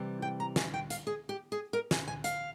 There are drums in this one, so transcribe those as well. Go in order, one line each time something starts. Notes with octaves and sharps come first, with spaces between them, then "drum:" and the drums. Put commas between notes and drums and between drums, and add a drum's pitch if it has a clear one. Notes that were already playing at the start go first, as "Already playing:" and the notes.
Already playing: C3 E3 G3
G5
A#5
G#5, drum: snare
G5
F5, drum: hi-hat
G#4
G4
G#4
A#4
G#5, drum: snare
G#5
F5, drum: hi-hat